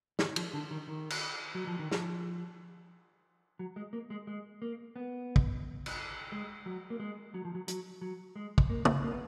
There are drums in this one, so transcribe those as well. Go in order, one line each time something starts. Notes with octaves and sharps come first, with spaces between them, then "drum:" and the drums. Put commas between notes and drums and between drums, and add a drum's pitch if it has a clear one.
D#3, drum: snare
F3, drum: cymbal
D3
D#3
D#3
drum: cymbal
F#3
F3
D#3
F3, drum: snare
F#3
G#3
A#3
G#3
G#3
A#3
B3
drum: kick
drum: cymbal
G#3
F#3
A#3
G#3
F#3
F3
F#3
F#3, drum: hi-hat
F#3
G#3
drum: kick
A#3
drum: tom
A#3
B3